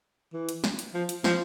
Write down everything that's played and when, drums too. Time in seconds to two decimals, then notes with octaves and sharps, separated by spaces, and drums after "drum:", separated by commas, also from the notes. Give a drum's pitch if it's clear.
0.33 E3
0.49 drum: hi-hat
0.64 drum: snare
0.79 drum: hi-hat
0.94 F3
1.09 drum: hi-hat
1.24 F3, drum: snare